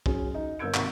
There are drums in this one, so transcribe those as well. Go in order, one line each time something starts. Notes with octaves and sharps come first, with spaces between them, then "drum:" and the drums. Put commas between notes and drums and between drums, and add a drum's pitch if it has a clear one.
F#3 C#4 G#4, drum: kick
D#4
G1 A#4 E6 G6 G#6 D7
G#1 C3 A#3 F#5 C#6, drum: clap